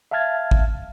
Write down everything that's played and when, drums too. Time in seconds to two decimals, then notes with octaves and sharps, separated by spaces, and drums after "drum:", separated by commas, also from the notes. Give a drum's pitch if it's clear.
0.11 E5 F5 A5 F6 G#6 A6
0.51 drum: kick